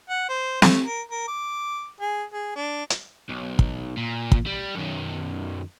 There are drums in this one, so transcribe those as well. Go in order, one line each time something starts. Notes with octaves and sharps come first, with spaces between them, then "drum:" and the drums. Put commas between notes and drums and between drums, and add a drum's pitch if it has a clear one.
F#5
C5
A3, drum: snare
A#4
A#4
D6
G#4
G#4
D4
drum: hi-hat
B1
drum: kick
A#2
drum: kick
G3
F#2 D#3